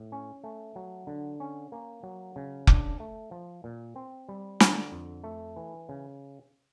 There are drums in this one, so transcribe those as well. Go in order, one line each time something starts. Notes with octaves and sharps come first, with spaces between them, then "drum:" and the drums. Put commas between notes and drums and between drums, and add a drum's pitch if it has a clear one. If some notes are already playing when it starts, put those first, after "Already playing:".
Already playing: A2
C#4
A3
F#3
D3
C#4
A#3
F#3
C#3
D4, drum: kick F1
A3
F3
A#2
C4
G3
D3, drum: snare
F2
A3
E3
C#3